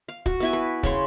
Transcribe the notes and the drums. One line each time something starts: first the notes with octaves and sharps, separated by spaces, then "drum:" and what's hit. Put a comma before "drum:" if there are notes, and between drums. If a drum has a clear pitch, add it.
F5
F#4, drum: kick
B3 E4 G#5
B4
C#3 C#4 C6, drum: kick